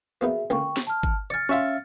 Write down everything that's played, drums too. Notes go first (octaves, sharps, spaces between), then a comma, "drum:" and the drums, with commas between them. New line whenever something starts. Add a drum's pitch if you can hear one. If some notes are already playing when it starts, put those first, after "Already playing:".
A#3 B3 D#4 F#4 G#4 E5
C#2 D3 A#3 G5 C#6, drum: hi-hat
drum: snare
A5 F6
drum: kick G1, hi-hat
D5 G#5 F6 A6 C#7, drum: hi-hat
C#4 F4 F#4 E5 F5